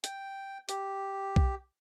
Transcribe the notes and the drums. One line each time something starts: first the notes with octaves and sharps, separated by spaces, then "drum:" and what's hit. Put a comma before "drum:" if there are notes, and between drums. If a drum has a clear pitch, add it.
G5, drum: hi-hat
G4, drum: hi-hat
drum: kick B1